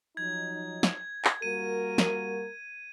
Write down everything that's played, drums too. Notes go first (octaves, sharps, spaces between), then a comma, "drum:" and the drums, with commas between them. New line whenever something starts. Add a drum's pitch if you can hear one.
F3 F#3 D#4 G#6
drum: snare
drum: clap
G3 A#3 F#4 A#4 D#7
drum: snare